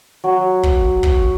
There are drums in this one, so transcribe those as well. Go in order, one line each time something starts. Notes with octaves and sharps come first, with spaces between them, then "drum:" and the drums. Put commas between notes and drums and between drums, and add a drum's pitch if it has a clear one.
F#3
drum: kick
drum: kick